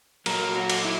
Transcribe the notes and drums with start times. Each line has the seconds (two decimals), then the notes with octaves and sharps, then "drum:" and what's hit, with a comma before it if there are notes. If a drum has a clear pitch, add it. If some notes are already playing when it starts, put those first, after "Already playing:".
0.26 A#2 F#3 A#4, drum: cymbal
0.56 F#4
0.70 drum: cymbal
0.85 E4